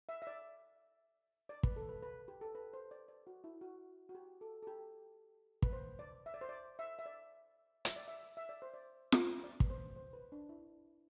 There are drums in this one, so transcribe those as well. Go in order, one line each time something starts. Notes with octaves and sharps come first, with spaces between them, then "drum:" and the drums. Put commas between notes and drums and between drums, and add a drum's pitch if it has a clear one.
E5
E5
D5
D5
B4, drum: kick
A4
B4
B4
G4
A4
B4
C5
D5
D5
F#4
E4
F#4
F#4
G4
A4
A4
G4
B4, drum: kick
C5
D5
E5
D5
C5
D5
E5
E5
D5
E5, drum: hi-hat
D5
E5
E5
D5
C5
D5
drum: snare F4
D5
B4, drum: kick
C5
C5
B4
D4
E4